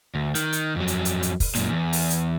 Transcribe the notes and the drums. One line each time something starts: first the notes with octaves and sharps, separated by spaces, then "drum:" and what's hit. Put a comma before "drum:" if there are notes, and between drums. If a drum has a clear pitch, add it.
D2
D#3, drum: hi-hat
drum: hi-hat
F2 F#3
drum: hi-hat
drum: hi-hat
drum: hi-hat
drum: kick, open hi-hat
F#2 A#2, drum: hi-hat
E2
drum: open hi-hat
drum: hi-hat